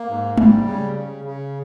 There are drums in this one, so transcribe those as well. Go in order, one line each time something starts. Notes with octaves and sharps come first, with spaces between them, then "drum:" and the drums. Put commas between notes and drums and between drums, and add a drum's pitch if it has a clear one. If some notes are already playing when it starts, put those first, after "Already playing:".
Already playing: A#3
G#2
G3, drum: tom G#3
C#3
C#3
C#3